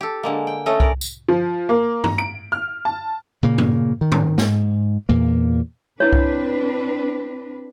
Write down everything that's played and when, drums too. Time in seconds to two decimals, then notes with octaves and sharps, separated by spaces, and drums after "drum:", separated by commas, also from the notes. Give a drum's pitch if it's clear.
0.01 G4 A4
0.23 D3 G#3 A#3
0.47 G5
0.66 A3 C#4 A4 D#5
0.80 A#4 D5, drum: kick C2
1.01 drum: tambourine
1.28 F3
1.69 A#3
2.04 A#5, drum: tom G2
2.18 D7
2.52 F6
2.85 A5
3.43 A#2 C#3 A#3
3.58 drum: tom G2
4.01 D#3
4.12 drum: tom G#2
4.38 G#2, drum: snare
5.09 E2 A#2 A#3
6.00 C4 D4 E4 B4 C#5
6.13 drum: kick C2